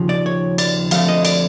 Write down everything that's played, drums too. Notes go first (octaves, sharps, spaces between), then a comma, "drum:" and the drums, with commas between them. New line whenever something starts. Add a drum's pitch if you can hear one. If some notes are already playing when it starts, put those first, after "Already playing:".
Already playing: D#2 C#3 F3
D5
C#5
D5, drum: cymbal
F2 D3 F3 A3 F5, drum: cymbal
D#5
D5, drum: cymbal